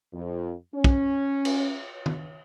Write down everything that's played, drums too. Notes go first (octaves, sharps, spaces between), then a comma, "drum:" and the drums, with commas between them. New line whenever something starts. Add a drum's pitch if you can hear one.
F2
C#4
drum: kick
drum: cymbal
drum: tom